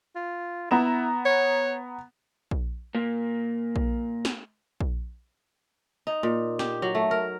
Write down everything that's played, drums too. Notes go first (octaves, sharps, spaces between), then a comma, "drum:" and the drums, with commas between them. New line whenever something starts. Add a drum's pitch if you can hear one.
F4
B3 E4 A#5 E7
C#5
drum: kick A#1
A#2 A#3
drum: kick A#1
drum: snare
drum: kick A#1
D#4
A#2
G4, drum: snare
F#3
A3
A#4